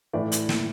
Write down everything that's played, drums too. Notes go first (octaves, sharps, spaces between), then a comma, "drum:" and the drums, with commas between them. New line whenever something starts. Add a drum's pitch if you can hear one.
A2 E3 D5
drum: hi-hat
drum: snare